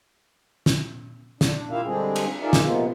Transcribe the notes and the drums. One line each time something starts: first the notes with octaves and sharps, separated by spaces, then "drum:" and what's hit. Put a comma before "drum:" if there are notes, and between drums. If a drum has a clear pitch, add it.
drum: snare
D4, drum: snare
E4 F4 G4 A#4 E5 F5
D3 G3 G#3 C4 D4 G#4
drum: cymbal
D#4 F4 G#4 A#4 D5 E5
drum: snare
C3 F3 G#3 A#3 B3 F4